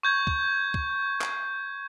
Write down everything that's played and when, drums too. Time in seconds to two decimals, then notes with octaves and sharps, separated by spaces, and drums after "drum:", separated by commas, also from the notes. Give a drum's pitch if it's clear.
0.03 C#6 G6 G#6
0.27 drum: kick
0.74 drum: kick
1.21 drum: clap